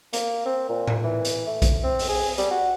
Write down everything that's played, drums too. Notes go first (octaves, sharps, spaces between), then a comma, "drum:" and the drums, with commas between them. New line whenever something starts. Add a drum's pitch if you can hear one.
A#3, drum: hi-hat
C4
A#2
drum: tom A2
E3
drum: hi-hat
A3
drum: kick A#1, hi-hat
C4
drum: open hi-hat
G#4
G3, drum: hi-hat
F#4